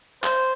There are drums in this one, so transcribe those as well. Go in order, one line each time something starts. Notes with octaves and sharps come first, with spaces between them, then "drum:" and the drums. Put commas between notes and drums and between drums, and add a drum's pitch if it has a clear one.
C5, drum: clap